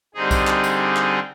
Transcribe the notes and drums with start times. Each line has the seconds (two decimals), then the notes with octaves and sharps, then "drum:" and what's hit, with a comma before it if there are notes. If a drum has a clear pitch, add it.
0.14 D3 G3 C4 D#4 G#4
0.31 drum: kick B1, tambourine
0.47 drum: clap
0.64 drum: tambourine
0.96 drum: clap